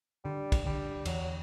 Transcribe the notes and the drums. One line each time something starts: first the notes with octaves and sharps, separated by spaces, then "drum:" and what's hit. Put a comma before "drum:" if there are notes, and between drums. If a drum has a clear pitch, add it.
D3 G3
drum: kick, cymbal
D3 G3
E2 F#3, drum: cymbal